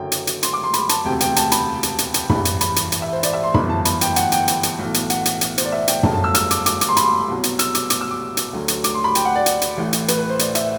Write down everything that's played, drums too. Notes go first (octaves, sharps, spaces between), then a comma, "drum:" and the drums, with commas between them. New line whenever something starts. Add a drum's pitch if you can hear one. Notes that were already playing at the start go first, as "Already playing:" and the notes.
Already playing: F#1 F#2 D3 F#3 G5
drum: hi-hat
drum: hi-hat
C6, drum: hi-hat
D6
C6
B5, drum: hi-hat
A5, drum: hi-hat
E1 D2 C3 G5
G5, drum: hi-hat
A5, drum: hi-hat
B5, drum: hi-hat
drum: hi-hat
drum: hi-hat
drum: hi-hat
A1 G2 E3 B5, drum: tom
drum: hi-hat
B5, drum: hi-hat
drum: hi-hat
drum: hi-hat
E5
C5
D5, drum: hi-hat
E5
C6
G1 F#2 E3 B5, drum: tom
A5
B5, drum: hi-hat
G5, drum: hi-hat
F#5, drum: hi-hat
G5, drum: hi-hat
drum: hi-hat
drum: hi-hat
B1 A2 E3
drum: hi-hat
F#5, drum: hi-hat
drum: hi-hat
drum: hi-hat
C5, drum: hi-hat
D5
E5
G5, drum: hi-hat
G1 F#2 D3 F#3 A5, drum: tom
A5
E6
E6, drum: hi-hat
D6, drum: hi-hat
D6, drum: hi-hat
D6, drum: hi-hat
C6
B5, drum: hi-hat
C6
C2 B2 F#3
drum: hi-hat
E6, drum: hi-hat
D6, drum: hi-hat
D6, drum: hi-hat
E6
D6
drum: hi-hat
D2 D3 F#3
drum: hi-hat
D6, drum: hi-hat
C6
B5
G5, drum: hi-hat
F#5
D5
drum: hi-hat
drum: hi-hat
A1 A2 E3
drum: hi-hat
B4, drum: hi-hat
B4
C5
D5, drum: hi-hat
E5, drum: hi-hat